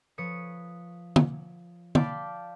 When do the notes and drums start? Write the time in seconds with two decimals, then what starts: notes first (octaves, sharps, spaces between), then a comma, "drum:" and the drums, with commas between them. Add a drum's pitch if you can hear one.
0.18 F3 B4 C#5 D#6 C#7
1.16 drum: tom
1.95 D5 F5 G5 A5 B5 D6, drum: tom